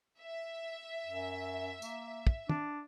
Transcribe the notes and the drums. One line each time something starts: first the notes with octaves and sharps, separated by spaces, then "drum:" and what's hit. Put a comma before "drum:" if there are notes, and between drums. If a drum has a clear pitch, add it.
E5
F#2
A#3, drum: tambourine
drum: kick
D4, drum: tom